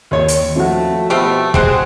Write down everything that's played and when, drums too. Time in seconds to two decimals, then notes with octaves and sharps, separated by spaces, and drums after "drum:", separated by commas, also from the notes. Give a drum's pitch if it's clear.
0.11 D#2 C#5
0.28 drum: hi-hat
0.56 F3 A3 F#4
1.10 B2 A3 C4 F4 G4
1.54 G#3 C4 C5 F#5, drum: kick